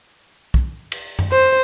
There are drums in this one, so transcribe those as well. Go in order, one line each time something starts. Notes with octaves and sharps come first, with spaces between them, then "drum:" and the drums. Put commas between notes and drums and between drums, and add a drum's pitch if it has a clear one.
drum: kick B1
drum: cymbal
drum: tom F#2
C5